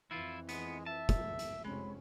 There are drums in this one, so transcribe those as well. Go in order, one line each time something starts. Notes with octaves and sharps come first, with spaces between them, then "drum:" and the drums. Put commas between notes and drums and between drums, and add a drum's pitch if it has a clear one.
F2 E3 E4 F4
G#3 B3, drum: hi-hat
E5 A5
drum: kick, hi-hat
drum: hi-hat
F1 G#3 C4 C#4 B5